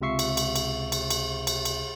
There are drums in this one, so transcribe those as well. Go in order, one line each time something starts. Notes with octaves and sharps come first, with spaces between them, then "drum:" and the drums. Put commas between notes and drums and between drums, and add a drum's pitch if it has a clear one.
C#2 C3 F4 E5 C#6 C7
drum: cymbal
drum: cymbal
drum: cymbal
drum: cymbal
drum: cymbal
drum: cymbal
drum: cymbal